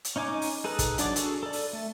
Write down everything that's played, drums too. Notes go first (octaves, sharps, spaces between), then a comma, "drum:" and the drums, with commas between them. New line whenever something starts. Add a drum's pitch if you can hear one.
drum: hi-hat
C#4 D#4 C#5 G#5 D6
drum: open hi-hat
D#4 G#4 A4 B4 D#5
drum: kick, hi-hat
F#3 D4 D5 D6, drum: hi-hat
D4 F#4 G#4 A4, drum: hi-hat
A4 D5
drum: open hi-hat
A3